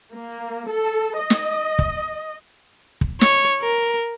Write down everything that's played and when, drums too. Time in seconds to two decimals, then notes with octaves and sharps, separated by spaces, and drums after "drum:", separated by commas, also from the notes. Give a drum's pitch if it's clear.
0.13 A#3
0.70 A4
1.18 D#5
1.30 drum: snare
1.79 drum: kick
3.01 drum: kick
3.21 C#5, drum: snare
3.61 A#4